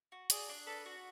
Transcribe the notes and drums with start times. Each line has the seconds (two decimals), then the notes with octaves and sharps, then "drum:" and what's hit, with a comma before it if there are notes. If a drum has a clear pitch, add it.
0.12 F#4
0.30 G#4 D5, drum: hi-hat
0.49 D4
0.67 A4 B4
0.86 F#4